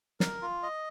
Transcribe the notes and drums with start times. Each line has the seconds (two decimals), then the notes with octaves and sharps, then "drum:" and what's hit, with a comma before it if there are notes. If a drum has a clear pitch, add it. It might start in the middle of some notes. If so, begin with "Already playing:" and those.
0.20 A#4, drum: snare
0.42 F4
0.63 D#5